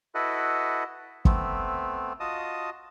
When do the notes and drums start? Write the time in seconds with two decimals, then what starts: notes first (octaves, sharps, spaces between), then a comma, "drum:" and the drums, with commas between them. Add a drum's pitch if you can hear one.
0.15 E4 F#4 A4 B4 D#5 F#5
1.25 A3 B3 C4, drum: kick
2.20 F4 F#4 D#5 A5 D#6